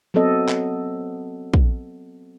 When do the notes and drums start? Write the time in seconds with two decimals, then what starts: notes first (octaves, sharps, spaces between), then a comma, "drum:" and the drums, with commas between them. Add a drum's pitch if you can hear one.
0.14 F#3 B3 C4 A4 D#5
0.49 drum: clap
1.54 drum: kick